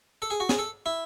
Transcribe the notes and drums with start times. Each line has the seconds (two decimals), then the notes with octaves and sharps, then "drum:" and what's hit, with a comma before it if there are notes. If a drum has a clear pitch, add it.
0.22 A4
0.30 G#4
0.40 F#4
0.49 G#4, drum: snare
0.59 A4
0.86 E4